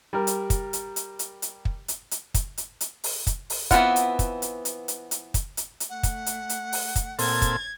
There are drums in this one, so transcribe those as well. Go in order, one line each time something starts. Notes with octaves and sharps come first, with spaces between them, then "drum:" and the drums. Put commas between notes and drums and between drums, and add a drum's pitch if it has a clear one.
G3 A#4
drum: hi-hat
drum: kick, hi-hat
drum: hi-hat
drum: hi-hat
drum: hi-hat
drum: hi-hat
drum: kick
drum: hi-hat
drum: hi-hat
drum: kick, hi-hat
drum: hi-hat
drum: hi-hat
drum: open hi-hat
drum: kick, hi-hat
drum: open hi-hat
E3 B3 C4 F4 F#5, drum: kick, hi-hat
drum: hi-hat
drum: kick, hi-hat
drum: hi-hat
drum: hi-hat
drum: hi-hat
drum: hi-hat
drum: kick, hi-hat
drum: hi-hat
drum: hi-hat
A3 F#5
drum: kick, hi-hat
drum: hi-hat
drum: hi-hat
drum: open hi-hat
drum: kick, hi-hat
A#2 C4 A4 G#6 A6, drum: open hi-hat
drum: kick, hi-hat